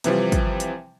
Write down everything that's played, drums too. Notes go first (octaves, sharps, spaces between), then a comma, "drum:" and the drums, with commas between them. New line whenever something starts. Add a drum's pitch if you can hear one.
C3 E3 F3 G3, drum: hi-hat
drum: kick, hi-hat
drum: hi-hat